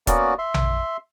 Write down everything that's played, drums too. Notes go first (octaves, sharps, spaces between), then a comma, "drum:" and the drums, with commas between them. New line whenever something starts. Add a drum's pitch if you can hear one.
A#3 B3 C#4 F#4 D5, drum: kick E1, hi-hat
E5 C6
drum: tom A#1